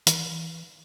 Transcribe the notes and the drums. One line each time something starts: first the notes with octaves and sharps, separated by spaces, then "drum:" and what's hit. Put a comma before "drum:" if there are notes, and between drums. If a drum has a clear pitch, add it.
E3, drum: hi-hat